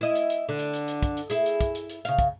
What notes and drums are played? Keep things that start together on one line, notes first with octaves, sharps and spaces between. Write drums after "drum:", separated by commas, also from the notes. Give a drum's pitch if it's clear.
E4 D#5
drum: hi-hat
drum: hi-hat
D3
drum: hi-hat
drum: hi-hat
drum: hi-hat
drum: kick, hi-hat
drum: hi-hat
E4 G#4, drum: hi-hat
drum: hi-hat
drum: kick, hi-hat
drum: hi-hat
drum: hi-hat
C#3 F5, drum: hi-hat
drum: kick, hi-hat